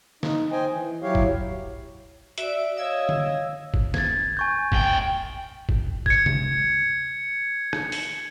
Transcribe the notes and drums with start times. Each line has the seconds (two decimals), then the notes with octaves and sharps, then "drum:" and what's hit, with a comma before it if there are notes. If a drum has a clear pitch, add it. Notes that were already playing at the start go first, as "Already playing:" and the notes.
0.23 D#4, drum: snare
0.52 C5 D#5 G5 G#5
0.70 E3
1.03 F#3 E4 G4 C#5 F5
1.15 drum: kick
2.38 F#4 D5 E5 D7, drum: hi-hat
2.77 C#5 D#5 F5 E6 G#6
3.09 drum: tom D3
3.74 drum: kick
3.94 G#6 A6, drum: snare
4.37 G#5 C#6 G6
4.72 D2 G5, drum: kick
5.69 drum: kick
6.06 G#6 C#7, drum: kick
6.26 drum: tom C3
7.73 drum: rim click
7.92 drum: open hi-hat